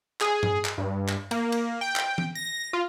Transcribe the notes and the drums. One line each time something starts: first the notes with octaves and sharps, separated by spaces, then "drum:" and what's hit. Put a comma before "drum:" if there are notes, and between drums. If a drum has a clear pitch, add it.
G#4, drum: clap
drum: tom G2
drum: clap
G2
drum: clap
A#3, drum: cymbal
drum: cymbal
G5
drum: clap
drum: tom E3
A#6
F4